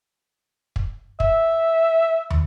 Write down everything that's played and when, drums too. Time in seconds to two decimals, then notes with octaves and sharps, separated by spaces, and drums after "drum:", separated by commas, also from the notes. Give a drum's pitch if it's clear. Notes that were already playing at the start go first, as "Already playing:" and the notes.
0.76 drum: kick
1.20 E5, drum: kick
2.30 drum: tom